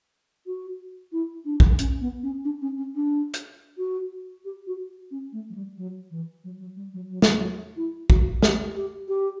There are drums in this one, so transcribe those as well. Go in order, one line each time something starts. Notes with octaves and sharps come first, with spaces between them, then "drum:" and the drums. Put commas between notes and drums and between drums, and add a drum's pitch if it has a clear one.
F#4
E4
D4
drum: kick
C#4, drum: hi-hat
B3
C#4
D4
C#4
C#4
D4
drum: hi-hat
F#4
G4
F#4
C#4
A3
F#3
G3
F#3
E3
F#3
F#3
G3
F#3
F#3
G3, drum: snare
F#3
E4
F#4, drum: kick
G4, drum: snare
G4
G4